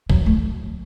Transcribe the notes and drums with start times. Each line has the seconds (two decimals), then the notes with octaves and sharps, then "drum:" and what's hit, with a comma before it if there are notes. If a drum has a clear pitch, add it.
0.10 F#3, drum: kick
0.26 A3